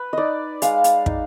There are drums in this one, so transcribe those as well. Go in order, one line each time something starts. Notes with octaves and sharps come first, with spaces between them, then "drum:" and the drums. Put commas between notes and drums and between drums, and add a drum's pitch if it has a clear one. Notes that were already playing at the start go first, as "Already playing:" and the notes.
Already playing: B4
D#4 D5 D#5
G#3 F5, drum: hi-hat
drum: hi-hat
D#4, drum: kick